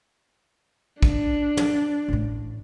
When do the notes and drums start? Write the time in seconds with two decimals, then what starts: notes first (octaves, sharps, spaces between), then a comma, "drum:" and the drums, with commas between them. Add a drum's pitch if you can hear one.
1.03 D4, drum: kick
1.57 drum: tom
2.08 A1 A2